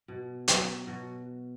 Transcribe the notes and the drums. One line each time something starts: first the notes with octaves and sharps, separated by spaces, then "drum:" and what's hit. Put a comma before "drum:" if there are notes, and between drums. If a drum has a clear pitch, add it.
B2
F#3, drum: hi-hat
B2 F#4